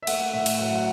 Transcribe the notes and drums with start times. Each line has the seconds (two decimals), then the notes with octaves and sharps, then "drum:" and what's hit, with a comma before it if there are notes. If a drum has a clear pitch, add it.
0.03 E5
0.07 A3 F#5, drum: cymbal
0.33 A2 E5
0.46 drum: cymbal
0.59 F#3 F#5
0.75 F#5